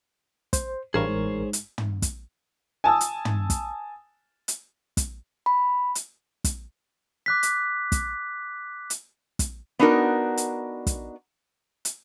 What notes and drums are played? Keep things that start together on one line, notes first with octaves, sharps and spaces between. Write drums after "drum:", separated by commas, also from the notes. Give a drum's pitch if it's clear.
C5, drum: kick, hi-hat
A1 G2 G#4 A#4 C5 C#5
G#2
drum: hi-hat
drum: tom
drum: kick, hi-hat
G#5 A5 D#6 E6
drum: hi-hat
drum: tom
drum: kick, hi-hat
drum: hi-hat
drum: kick, hi-hat
B5
drum: hi-hat
drum: kick, hi-hat
D6 F#6 B6
drum: hi-hat
drum: kick, hi-hat
drum: hi-hat
drum: kick, hi-hat
B3 D4 D#4 F#4 A#4
drum: hi-hat
drum: kick, hi-hat
drum: hi-hat